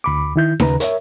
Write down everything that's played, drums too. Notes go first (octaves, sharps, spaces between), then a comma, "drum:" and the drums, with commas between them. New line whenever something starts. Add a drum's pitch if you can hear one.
D2 B5 D6
D#3 E4 G6
D#2 C#3 B4 A#5, drum: snare D#4
A#4 C#5 E5, drum: hi-hat